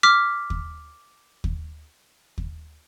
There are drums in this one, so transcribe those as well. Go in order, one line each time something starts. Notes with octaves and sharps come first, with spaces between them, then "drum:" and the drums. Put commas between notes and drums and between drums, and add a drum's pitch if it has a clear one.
D6 F6 B6
drum: kick
drum: kick
drum: kick